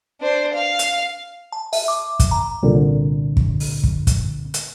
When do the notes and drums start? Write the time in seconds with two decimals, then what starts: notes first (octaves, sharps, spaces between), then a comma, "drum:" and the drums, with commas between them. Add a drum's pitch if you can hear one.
0.20 D4 C5
0.54 F5
0.79 drum: hi-hat
1.52 A5
1.73 E5, drum: open hi-hat
1.88 D6
2.20 drum: kick, hi-hat
2.31 A#5
2.63 C2 A#2 D3
3.37 drum: kick
3.60 drum: open hi-hat
3.84 drum: kick
4.07 drum: kick, hi-hat
4.54 drum: hi-hat